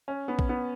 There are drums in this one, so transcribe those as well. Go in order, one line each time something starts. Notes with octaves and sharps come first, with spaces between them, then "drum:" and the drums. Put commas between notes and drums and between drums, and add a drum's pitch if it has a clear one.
C#4
B3
drum: kick A#1
B3